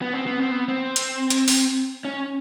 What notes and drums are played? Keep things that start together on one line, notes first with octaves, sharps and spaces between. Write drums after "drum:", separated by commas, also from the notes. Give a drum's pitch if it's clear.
B3
C4
B3
C4
B3
C4
drum: hi-hat
drum: hi-hat
drum: open hi-hat
C#4